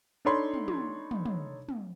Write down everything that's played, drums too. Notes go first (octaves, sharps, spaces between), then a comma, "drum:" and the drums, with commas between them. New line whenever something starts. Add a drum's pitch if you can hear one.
D4 D#4 A4 C#5 B5 C6
drum: tom
drum: tom
drum: tom
drum: tom
drum: tom